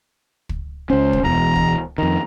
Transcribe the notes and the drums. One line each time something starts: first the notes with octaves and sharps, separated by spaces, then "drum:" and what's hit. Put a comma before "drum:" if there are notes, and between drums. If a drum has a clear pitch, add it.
drum: kick
C#2 C#4 C5
drum: kick
E1 E2 A#5
drum: kick
F2 D#3 A#5